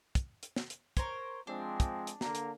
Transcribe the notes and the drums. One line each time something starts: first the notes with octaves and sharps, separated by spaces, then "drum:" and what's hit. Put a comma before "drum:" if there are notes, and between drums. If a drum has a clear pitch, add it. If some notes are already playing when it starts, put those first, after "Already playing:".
drum: kick, hi-hat
drum: hi-hat
drum: snare
drum: hi-hat
A#4 C5 C#5, drum: kick, hi-hat
F3 G#3 C4 D4
drum: kick, hi-hat
drum: hi-hat
D3 A#3 A#5, drum: snare
drum: hi-hat